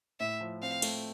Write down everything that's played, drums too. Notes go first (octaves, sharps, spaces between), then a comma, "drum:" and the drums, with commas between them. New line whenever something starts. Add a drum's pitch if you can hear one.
A2 E5
F3
C4 F5
A3, drum: cymbal